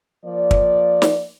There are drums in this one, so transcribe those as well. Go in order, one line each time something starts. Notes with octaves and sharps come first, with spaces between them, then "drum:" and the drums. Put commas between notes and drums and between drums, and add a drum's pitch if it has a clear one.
F3 A#3 D5
drum: kick
drum: snare